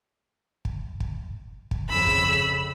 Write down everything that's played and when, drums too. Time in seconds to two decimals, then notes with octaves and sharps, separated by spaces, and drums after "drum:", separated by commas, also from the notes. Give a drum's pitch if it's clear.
0.65 drum: kick
1.00 drum: kick
1.71 drum: kick
1.89 F2 C#3 B5 E6
2.07 drum: kick